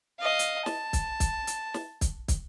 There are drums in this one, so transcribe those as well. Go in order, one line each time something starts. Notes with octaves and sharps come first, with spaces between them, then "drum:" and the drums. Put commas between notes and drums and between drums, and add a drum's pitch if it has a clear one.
D#5 F5
drum: hi-hat
A5, drum: snare
drum: kick, hi-hat
drum: kick, hi-hat
drum: hi-hat
drum: snare
drum: kick, hi-hat
drum: kick, hi-hat